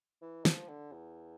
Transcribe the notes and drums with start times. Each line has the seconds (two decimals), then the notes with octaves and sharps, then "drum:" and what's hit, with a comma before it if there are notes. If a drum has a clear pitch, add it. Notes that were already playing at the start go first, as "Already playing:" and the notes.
0.22 E3
0.45 F3, drum: snare
0.69 D3
0.92 E2